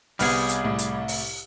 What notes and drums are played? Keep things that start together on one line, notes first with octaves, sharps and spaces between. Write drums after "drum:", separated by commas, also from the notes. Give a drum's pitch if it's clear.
C2 G3 B3 G#4 F6, drum: open hi-hat
drum: hi-hat
C2 A2
drum: hi-hat
drum: open hi-hat